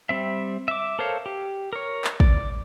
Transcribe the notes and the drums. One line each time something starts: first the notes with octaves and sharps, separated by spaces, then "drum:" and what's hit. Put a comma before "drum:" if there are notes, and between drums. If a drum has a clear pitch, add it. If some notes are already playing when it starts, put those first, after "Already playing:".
G3 C4 E5
E5 D6
A4 A#4 C5 C#5 F5
G4
A#4 C#5
drum: clap
D5, drum: kick